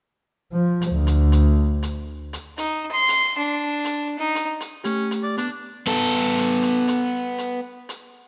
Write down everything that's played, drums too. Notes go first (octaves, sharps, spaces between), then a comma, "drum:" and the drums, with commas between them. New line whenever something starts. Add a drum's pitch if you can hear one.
F3
drum: hi-hat
D2
drum: hi-hat
drum: hi-hat
drum: hi-hat
drum: hi-hat
D#4, drum: hi-hat
C6
drum: hi-hat
D4
drum: hi-hat
D#4
drum: hi-hat
drum: hi-hat
A3 C#4 G4, drum: hi-hat
drum: hi-hat
D5
B3 D4, drum: hi-hat
B3 A4, drum: hi-hat
drum: hi-hat
drum: hi-hat
drum: hi-hat
drum: hi-hat
drum: hi-hat